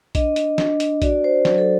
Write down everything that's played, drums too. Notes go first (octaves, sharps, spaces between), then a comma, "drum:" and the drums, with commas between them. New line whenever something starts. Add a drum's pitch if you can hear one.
D4 D#5, drum: kick A#1, hi-hat
drum: hi-hat
D4, drum: snare
drum: hi-hat
F#4 D5, drum: kick A#1, hi-hat
C5
F#3 C5, drum: snare
A4